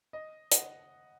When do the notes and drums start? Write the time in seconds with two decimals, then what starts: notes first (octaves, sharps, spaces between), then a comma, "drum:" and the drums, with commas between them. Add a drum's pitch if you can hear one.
0.13 D#5
0.52 D#5 F#5, drum: hi-hat